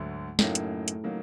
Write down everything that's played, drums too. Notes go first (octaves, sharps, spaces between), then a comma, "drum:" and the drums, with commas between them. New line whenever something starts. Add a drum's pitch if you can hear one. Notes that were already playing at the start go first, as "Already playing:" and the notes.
Already playing: D2 G#2 D3 F#3 A3
F#2 A2 C#3 F#3 A#3 D#4, drum: snare
drum: hi-hat
drum: hi-hat
C#3 F#3 A#3 D#4